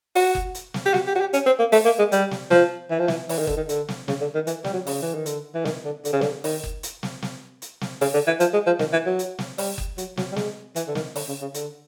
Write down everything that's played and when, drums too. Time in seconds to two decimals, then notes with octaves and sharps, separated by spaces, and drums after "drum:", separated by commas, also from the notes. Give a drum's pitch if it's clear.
0.15 F#4, drum: open hi-hat
0.35 drum: kick F#1
0.55 drum: hi-hat
0.74 drum: snare
0.86 G4
0.94 F#4, drum: snare
1.07 G4
1.15 F#4
1.20 G4
1.33 C#4, drum: hi-hat
1.46 C4
1.59 A#3
1.72 A3, drum: open hi-hat
1.85 A#3
1.99 G#3
2.12 G3, drum: hi-hat
2.31 drum: snare
2.51 F3, drum: snare
2.91 E3
2.99 F3
3.08 E3, drum: snare
3.29 E3, drum: open hi-hat
3.39 D#3
3.47 D3, drum: kick F#1
3.57 D#3
3.69 D3, drum: hi-hat
3.88 drum: snare
4.08 C#3, drum: snare
4.21 D3
4.35 D#3
4.47 E3, drum: hi-hat
4.64 G3, drum: snare
4.73 F#3
4.87 C#3, drum: open hi-hat
5.02 E3
5.15 D#3
5.26 D3, drum: hi-hat
5.55 E3
5.65 D#3, drum: snare
5.85 D3
6.05 D3, drum: hi-hat
6.13 C#3
6.21 D3, drum: snare
6.44 D#3, drum: open hi-hat
6.64 drum: kick F#1
6.83 drum: hi-hat
7.03 drum: snare
7.22 drum: snare
7.62 drum: hi-hat
7.81 drum: snare
8.01 C#3, drum: open hi-hat
8.14 D3
8.27 E3
8.40 F3, drum: hi-hat
8.53 G#3
8.66 F3
8.79 D#3, drum: snare
8.93 E3
9.06 F#3
9.19 drum: hi-hat
9.39 drum: snare
9.58 G3, drum: open hi-hat
9.78 drum: kick F#1
9.98 F#3, drum: hi-hat
10.17 F#3, drum: snare
10.32 G3
10.36 G#3, drum: snare
10.76 E3, drum: hi-hat
10.88 D3
10.95 D#3, drum: snare
11.16 D3, drum: open hi-hat
11.28 C#3
11.42 C#3
11.54 D3, drum: hi-hat